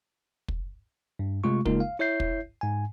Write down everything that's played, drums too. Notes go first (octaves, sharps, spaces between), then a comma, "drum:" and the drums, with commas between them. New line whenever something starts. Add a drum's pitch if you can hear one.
drum: kick
G2
C3 G#3 A3 F4 C#6
C#3 G#3 A#3 D#4 F4 A#4, drum: kick
F5
E4 C#5 E5 G6 C7
drum: kick
G#2 G#5